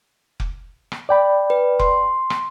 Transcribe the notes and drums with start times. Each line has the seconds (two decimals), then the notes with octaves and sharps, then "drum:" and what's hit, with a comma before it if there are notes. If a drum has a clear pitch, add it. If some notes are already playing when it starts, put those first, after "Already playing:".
0.40 drum: kick F1
0.92 drum: rim click
1.09 D5 G5 B5
1.50 B4
1.79 C6, drum: kick F1
2.30 drum: rim click